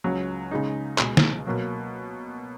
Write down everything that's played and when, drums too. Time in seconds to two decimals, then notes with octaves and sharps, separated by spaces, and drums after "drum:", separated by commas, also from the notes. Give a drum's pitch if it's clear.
0.04 C#2 C#3 F#3
0.51 C#3 G#3 D#4
0.98 C#2 B2 G#3, drum: clap
1.17 drum: snare
1.46 B2 F#3 A#3